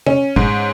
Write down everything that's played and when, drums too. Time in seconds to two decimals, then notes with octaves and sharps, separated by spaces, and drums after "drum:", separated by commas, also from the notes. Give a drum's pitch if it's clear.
0.07 C#4, drum: tom
0.36 G#2, drum: kick